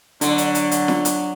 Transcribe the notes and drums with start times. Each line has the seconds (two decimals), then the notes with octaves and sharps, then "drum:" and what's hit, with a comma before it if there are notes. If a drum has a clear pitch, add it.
0.21 D3 F#3 D4, drum: hi-hat
0.38 drum: hi-hat
0.55 drum: hi-hat
0.71 drum: hi-hat
0.88 drum: snare
1.05 drum: hi-hat